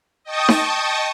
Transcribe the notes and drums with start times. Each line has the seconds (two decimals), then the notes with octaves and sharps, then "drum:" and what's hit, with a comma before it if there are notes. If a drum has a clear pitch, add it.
0.23 D#5 G5 A5 C#6 D#6
0.49 drum: snare D#4